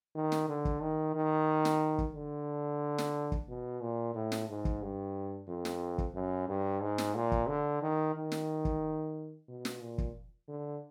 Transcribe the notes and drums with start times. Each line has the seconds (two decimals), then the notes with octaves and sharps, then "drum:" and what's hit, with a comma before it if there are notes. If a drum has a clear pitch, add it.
0.15 D#3
0.32 drum: snare
0.48 D3
0.65 drum: kick
0.82 D#3
1.15 D#3
1.65 drum: snare
1.98 drum: kick
2.15 D3
2.98 drum: snare
3.32 drum: kick
3.49 B2
3.81 A#2
4.14 A2
4.32 drum: snare
4.49 G#2
4.65 drum: kick
4.82 G2
5.48 F2
5.65 drum: snare
5.98 drum: kick
6.15 F#2
6.48 G2
6.82 G#2
6.98 drum: snare
7.15 A#2
7.32 drum: kick
7.48 D3
7.82 D#3
8.15 D#3
8.32 drum: snare
8.65 drum: kick
9.48 B2
9.65 drum: snare
9.81 A#2
9.98 drum: kick
10.48 D3